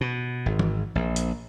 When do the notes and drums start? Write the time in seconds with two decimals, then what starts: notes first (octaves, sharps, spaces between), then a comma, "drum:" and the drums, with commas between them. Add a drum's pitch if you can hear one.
0.01 B2
0.46 G#1
0.59 drum: tom E3
0.95 A#1
1.16 drum: hi-hat